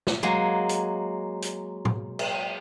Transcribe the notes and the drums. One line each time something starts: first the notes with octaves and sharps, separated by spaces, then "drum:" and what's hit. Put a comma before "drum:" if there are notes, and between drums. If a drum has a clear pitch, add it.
drum: snare
F#3 G#3 A#3
drum: hi-hat
drum: hi-hat
drum: tom A2
drum: cymbal